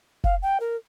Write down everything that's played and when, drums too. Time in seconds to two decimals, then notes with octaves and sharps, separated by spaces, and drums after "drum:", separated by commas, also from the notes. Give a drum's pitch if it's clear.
0.24 F5, drum: kick F1
0.42 G5
0.60 A#4